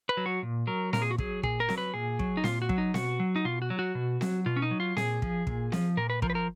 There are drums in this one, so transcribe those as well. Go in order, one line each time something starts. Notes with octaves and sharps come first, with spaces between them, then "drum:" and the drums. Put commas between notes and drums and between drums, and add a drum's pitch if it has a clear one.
B4
F#3
F#4
A#2
F#3 A#4
A#2 A#4, drum: snare C4
G#4
F#4
F#3 G#4, drum: kick
A#2 G#4, drum: kick
A#4
F#3, drum: snare C4
B4
A#2 G#4
F#3, drum: kick
D#4
A#2 F4, drum: snare C4
F#4
F#3, drum: kick
D#4
B2 F#4, drum: snare C4
F#3
D#4
B2 F4
F#4
F#3
F#4
B2
F#3, drum: snare C4
B2 F4
C#4
D#4
F#3
F4
A#2 G#4, drum: snare C4
F3, drum: kick
A#2, drum: kick
F3, drum: snare C4
A#2 A#4
B4
F3 A#4, drum: kick
B4
A#4